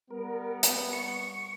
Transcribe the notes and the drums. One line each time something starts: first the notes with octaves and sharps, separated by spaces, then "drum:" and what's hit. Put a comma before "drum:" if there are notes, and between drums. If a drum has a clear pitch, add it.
G3 B3 A#4
drum: hi-hat
C#6